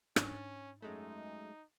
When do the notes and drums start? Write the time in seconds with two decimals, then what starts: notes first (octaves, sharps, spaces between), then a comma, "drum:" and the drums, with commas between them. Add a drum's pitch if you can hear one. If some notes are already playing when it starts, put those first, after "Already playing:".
0.16 G#2 C#4 D4 A6, drum: rim click
0.82 F#2 G#3 A3 D#4